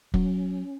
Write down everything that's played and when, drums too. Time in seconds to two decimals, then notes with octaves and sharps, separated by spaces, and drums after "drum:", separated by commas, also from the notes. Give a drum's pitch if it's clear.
0.14 F#3 C#4, drum: kick